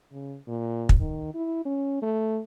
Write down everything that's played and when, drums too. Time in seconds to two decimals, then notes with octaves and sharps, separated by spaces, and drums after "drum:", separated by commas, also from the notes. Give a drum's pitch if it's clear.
0.12 C#3
0.48 A#2
0.89 drum: kick
1.00 D#3
1.34 E4
1.65 C#4
2.02 A3